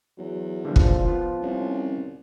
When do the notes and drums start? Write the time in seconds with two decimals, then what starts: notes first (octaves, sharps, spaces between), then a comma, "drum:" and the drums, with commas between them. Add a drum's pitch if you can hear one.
0.18 E2 F#3
0.65 A#2 D3 F3 G3 D4
0.76 drum: kick
1.06 B3 F4
1.42 C2 C#4